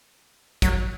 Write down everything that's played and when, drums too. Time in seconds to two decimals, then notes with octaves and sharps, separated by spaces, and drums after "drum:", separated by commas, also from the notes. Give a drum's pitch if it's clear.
0.62 F#3, drum: kick, hi-hat